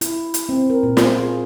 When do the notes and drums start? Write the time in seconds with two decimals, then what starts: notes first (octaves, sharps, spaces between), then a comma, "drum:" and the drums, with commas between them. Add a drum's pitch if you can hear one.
0.01 E4, drum: hi-hat
0.34 drum: hi-hat
0.49 C4
0.70 A#4
0.83 A#2
0.97 F4, drum: snare
1.19 G#4